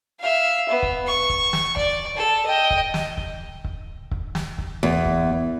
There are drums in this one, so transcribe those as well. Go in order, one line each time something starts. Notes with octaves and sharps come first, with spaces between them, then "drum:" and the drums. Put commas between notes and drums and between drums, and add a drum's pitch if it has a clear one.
E5 F5
B3
drum: kick C#1
C#6
drum: kick C#1
drum: snare
D5, drum: kick C#1
A4
D#5 G5
drum: kick C#1
drum: snare
drum: kick C#1
drum: kick C#1
drum: kick C#1
drum: snare
drum: kick C#1
E2
drum: kick C#1